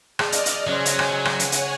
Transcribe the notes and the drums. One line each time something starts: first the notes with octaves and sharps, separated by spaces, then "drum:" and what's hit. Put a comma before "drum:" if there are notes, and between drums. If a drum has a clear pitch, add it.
G#4 D5 D#5 A5 F6, drum: rim click
drum: hi-hat
drum: hi-hat
C#3 F#3 C5 G#5
drum: hi-hat
drum: rim click
drum: rim click
C#5 F#5 G#5, drum: hi-hat
drum: hi-hat